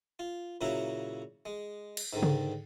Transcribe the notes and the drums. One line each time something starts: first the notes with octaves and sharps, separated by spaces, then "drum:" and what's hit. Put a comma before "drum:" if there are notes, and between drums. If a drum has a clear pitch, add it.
F4
A#2 C#3 F#3 C#4 E4 F#4
G#3
drum: cymbal
G#2 D3 D#3
drum: tom C#3